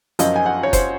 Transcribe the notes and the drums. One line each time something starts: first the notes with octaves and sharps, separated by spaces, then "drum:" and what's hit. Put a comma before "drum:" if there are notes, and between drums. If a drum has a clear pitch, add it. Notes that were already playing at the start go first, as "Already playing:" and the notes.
F#2 F3 D#5, drum: hi-hat
G#5
F#5
C#5
C5, drum: kick F#1, hi-hat